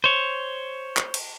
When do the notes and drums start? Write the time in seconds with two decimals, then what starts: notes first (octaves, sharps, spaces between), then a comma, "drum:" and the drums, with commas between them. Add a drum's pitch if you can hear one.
0.04 C5 C#5
0.97 drum: clap
1.14 drum: cymbal